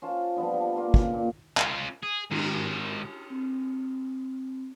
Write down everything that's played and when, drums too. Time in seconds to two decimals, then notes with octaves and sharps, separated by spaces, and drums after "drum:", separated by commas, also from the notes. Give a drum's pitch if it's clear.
0.02 C#4 F4 C5 A5
0.36 F3 G3 B3 D4
0.54 G3 D4
0.76 A#3 F4
0.94 C#3, drum: kick
1.13 A#2
1.57 C#4 F4, drum: clap
2.03 G#4
2.31 G#2 D#3, drum: cymbal
3.30 C4